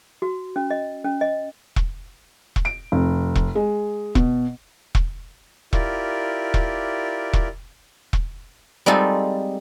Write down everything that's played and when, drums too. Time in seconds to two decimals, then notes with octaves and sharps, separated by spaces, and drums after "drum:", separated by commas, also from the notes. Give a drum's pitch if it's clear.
0.22 F#4
0.56 C#4
0.70 D#5
1.05 C#4
1.21 D#5
1.76 drum: kick E1
2.56 drum: kick E1
2.65 D7
2.92 F1
3.35 drum: kick E1
3.55 G#3
4.15 B2, drum: kick E1
4.95 drum: kick E1
5.73 E4 F4 G4 A#4 D5, drum: kick E1
6.54 drum: kick E1
7.33 drum: kick E1
8.13 drum: kick E1
8.86 G3 G#3 C4 D#4 F4 A4